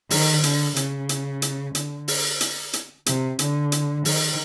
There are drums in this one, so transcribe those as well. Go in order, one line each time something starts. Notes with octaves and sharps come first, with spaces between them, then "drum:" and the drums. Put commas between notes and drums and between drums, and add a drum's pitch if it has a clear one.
D#3, drum: open hi-hat
D3, drum: hi-hat
C#3, drum: hi-hat
drum: hi-hat
drum: hi-hat
D3, drum: hi-hat
drum: open hi-hat
drum: hi-hat
drum: hi-hat
C3, drum: hi-hat
D3, drum: hi-hat
drum: hi-hat
D#3, drum: open hi-hat